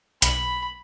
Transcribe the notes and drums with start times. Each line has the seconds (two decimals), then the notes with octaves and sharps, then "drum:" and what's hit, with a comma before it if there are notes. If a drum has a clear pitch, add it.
0.22 B1 B5, drum: hi-hat